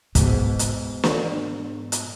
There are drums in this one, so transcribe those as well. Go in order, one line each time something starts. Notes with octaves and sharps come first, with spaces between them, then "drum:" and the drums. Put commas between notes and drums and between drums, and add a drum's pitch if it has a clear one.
G#2 B2, drum: kick, hi-hat
drum: hi-hat
drum: snare
drum: hi-hat